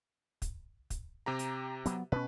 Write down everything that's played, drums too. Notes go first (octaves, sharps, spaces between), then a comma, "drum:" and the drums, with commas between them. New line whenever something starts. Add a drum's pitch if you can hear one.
drum: kick, hi-hat
drum: kick, hi-hat
C3 G4 A#5
drum: hi-hat
F#3 B3, drum: hi-hat
B2 C#4 B4